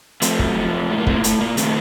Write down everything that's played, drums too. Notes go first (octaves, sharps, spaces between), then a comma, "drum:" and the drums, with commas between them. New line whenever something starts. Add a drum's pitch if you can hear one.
F3 A3 C4, drum: hi-hat
F#2, drum: kick
F3
F2
A2 A3
A#3
A2 A3 C4, drum: kick
A#3
A#2 A3, drum: hi-hat
A#2 A#3
D#3 A3 C4, drum: hi-hat